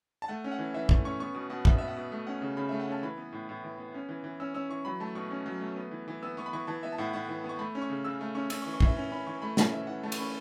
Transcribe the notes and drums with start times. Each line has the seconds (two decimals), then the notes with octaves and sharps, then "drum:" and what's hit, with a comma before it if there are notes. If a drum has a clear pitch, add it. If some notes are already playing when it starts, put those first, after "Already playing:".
0.22 A5
0.28 A3 F#5
0.44 C#4
0.52 F#5
0.59 E3
0.74 E3 E5
0.89 A3, drum: kick
1.05 C#4 C#6
1.20 B3 C#6
1.34 B2
1.50 B2 F#5
1.65 B3 E5, drum: kick
1.78 B3 E5
1.88 F#5
1.96 B2
2.12 A3
2.27 C#4 F#5
2.41 C#3
2.57 C#3 B5
2.69 A3 E5
2.80 F#5
2.88 C#4 A5
3.03 E3 B5
3.18 B3
3.33 A2
3.49 A2
3.64 E3
3.78 B3
3.94 C#4
4.09 E3
4.24 E3
4.40 C#4 E6
4.54 C#4 E6
4.69 E3 C#6
4.85 F#3 B5
5.00 A3 A5
5.15 B2 C#6
5.31 C#4
5.46 F#3
5.61 A3
5.76 B3
5.91 E3
6.08 E3
6.23 B3 E6
6.37 B3 C#6
6.46 B5
6.53 E3 C#6
6.67 E3 A5
6.83 B3 E5
6.92 A5
6.98 A2 F#5
7.13 A2 F#5
7.29 E3
7.44 B3
7.49 C#6
7.59 A3 B5
7.75 C#4
7.82 C#6
7.90 C#3
8.05 C#3 E6
8.21 A3
8.35 C#4 C#6
8.50 C#4 E6, drum: cymbal
8.62 C#6
8.66 E3
8.74 C#6
8.80 E3 E5, drum: kick
8.97 C#4
9.12 C#4 B5
9.27 E3 C#6
9.42 A3 B5
9.57 C#4 A5, drum: snare
9.72 E3 E5
9.87 E3 F#5
10.03 A3 A5
10.12 C#6, drum: cymbal
10.18 C#4 B5